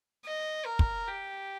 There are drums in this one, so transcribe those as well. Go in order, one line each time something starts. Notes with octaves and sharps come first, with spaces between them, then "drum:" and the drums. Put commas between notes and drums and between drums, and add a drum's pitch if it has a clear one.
D#5
A#4
drum: kick
G4